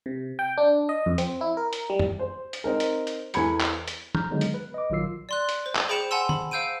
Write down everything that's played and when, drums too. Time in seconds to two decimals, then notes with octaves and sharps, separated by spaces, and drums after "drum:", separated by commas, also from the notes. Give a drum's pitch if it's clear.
0.06 C3
0.39 G5
0.58 D4
0.89 D#5
1.06 F2
1.18 C4, drum: hi-hat
1.41 E4
1.57 A#4
1.73 drum: hi-hat
1.90 G3
1.99 drum: tom
2.19 C5
2.53 drum: hi-hat
2.64 C4 D#4 A#4
2.80 drum: hi-hat
3.07 drum: hi-hat
3.34 E2 A4 G#5 B5 G#6 C#7, drum: hi-hat
3.61 drum: clap
3.88 drum: hi-hat
4.15 A#5 F6 G6, drum: tom
4.31 D3 D#3 F#3 G#3 B3 D#4
4.41 drum: hi-hat
4.54 B4
4.74 D#5 D6
4.90 A#1 D#3 F#3 F4 E6 C7
5.29 D5 C6 F#6
5.49 drum: hi-hat
5.66 C5
5.76 drum: clap
5.89 G#4 C5 G5 B5 C#7 E7
6.11 F#5 G#5 A5 C6 E6
6.29 B5, drum: tom
6.51 C5 F5 E6 G6 D7 D#7